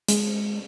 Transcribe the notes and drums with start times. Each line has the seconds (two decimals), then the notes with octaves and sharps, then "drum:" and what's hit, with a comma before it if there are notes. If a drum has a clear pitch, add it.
0.09 G#3, drum: hi-hat